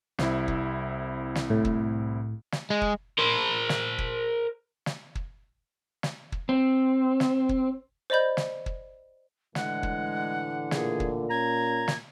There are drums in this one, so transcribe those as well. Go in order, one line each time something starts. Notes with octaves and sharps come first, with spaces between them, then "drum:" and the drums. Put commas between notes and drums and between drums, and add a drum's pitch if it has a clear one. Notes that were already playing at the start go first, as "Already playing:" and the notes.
C2 C4 E4, drum: snare
drum: kick
drum: snare
A2
drum: kick
drum: snare
G#3
drum: kick
A#4 C5
drum: snare
drum: kick
drum: snare
drum: kick
drum: snare
drum: kick
C4
drum: snare
drum: kick
C5 D5 D#5 B5 G6
drum: snare
drum: kick
A2 D3 E3 G#3 F#5, drum: snare
drum: kick
A#2 G#4, drum: snare
drum: kick
C#4 A#5 G#6
drum: snare